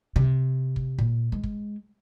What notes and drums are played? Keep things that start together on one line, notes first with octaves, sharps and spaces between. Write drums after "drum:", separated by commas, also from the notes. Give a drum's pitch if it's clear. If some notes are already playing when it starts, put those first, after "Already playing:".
C3
drum: kick
A#2, drum: kick
G#3
drum: kick